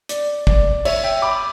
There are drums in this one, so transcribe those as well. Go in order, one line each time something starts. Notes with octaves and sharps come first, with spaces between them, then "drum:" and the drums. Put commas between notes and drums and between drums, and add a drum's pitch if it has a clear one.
D5, drum: hi-hat
D5, drum: kick
C#5 E5, drum: cymbal
E5 G5
B5 D6